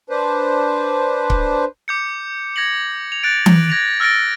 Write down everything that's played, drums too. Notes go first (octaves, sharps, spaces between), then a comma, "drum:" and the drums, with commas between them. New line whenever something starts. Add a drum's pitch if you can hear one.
D4 B4 C5
drum: kick C#1
D6 G6 C#7
G#6 A#6 C#7 F#7
F7
F#6 A6 D7
drum: tom E3
G#6 A#6 D7 F7
E6 F6 A6 A#6 D7